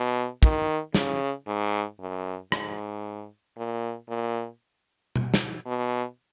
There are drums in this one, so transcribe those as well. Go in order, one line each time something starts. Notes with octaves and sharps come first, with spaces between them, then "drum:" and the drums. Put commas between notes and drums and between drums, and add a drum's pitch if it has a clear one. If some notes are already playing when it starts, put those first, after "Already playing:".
Already playing: B2
D#3, drum: kick
C#3, drum: snare
G#2
F#2
G#2, drum: rim click
A#2
A#2
drum: tom B2
drum: snare
B2